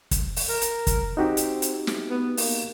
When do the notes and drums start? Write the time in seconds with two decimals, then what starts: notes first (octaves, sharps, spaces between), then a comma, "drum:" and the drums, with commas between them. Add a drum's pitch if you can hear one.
0.11 drum: kick, hi-hat
0.36 drum: open hi-hat
0.49 A#4
0.62 drum: hi-hat
0.87 drum: kick, hi-hat
1.17 C4 D#4 F#4 G4
1.37 drum: hi-hat
1.62 drum: hi-hat
1.87 drum: snare
2.09 B3
2.37 A#3, drum: open hi-hat